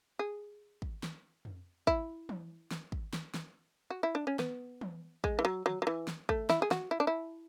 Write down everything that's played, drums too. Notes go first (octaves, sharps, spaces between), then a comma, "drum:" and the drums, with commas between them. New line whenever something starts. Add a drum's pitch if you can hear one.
G#4
drum: kick
drum: snare
drum: tom F2
E4, drum: kick
drum: tom E3
drum: snare
drum: kick
drum: snare
drum: snare
F#4
E4
D4
C#4
B3, drum: snare
drum: tom E3
G#3, drum: kick
E3
F#3
F#3, drum: tom D3
F#3
E3
drum: snare
A3, drum: kick
E4, drum: snare
G#4
F#4, drum: snare
E4
D4
E4